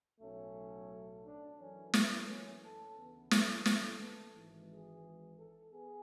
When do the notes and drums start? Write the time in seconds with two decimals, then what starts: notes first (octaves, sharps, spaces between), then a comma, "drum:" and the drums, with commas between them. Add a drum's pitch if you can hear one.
0.21 B1 A2 F#3 A3 C#4
1.24 D4
1.59 F#2 E3 A3 C#4
1.94 B3, drum: snare
2.28 C#4
2.63 A4
2.97 D2 C#3 E3 B3
3.31 A4, drum: snare
3.66 A4, drum: snare
4.35 G#1 G#2 E3
4.69 G#4
5.38 A4
5.72 B3 G#4